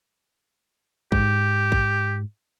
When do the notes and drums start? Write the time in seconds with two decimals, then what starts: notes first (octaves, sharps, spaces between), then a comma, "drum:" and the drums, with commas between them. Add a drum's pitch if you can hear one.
1.12 G#2 G4, drum: kick
1.72 drum: kick